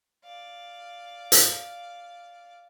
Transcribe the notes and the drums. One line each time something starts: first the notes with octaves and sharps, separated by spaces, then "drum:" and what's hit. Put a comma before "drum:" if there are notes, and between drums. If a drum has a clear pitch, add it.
D5 F5
drum: hi-hat